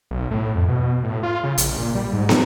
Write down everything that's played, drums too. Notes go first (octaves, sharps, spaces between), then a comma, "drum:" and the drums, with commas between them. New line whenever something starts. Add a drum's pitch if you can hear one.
B1
A2
F2
B2
A2
F4
C#3
A#1, drum: hi-hat
A#2
G3
G#2
A2, drum: snare